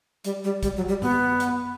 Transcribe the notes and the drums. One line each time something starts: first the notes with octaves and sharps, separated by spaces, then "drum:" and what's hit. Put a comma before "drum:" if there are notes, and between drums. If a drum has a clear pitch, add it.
G3, drum: hi-hat
G3
G3, drum: kick, hi-hat
F#3
G3
B3, drum: tom F#2
drum: hi-hat